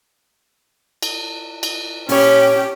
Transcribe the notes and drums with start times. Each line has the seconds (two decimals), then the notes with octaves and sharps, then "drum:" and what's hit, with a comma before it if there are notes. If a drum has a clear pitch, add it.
1.03 drum: cymbal
1.63 drum: cymbal
2.09 A#2 C#4 G4 C#5, drum: open hi-hat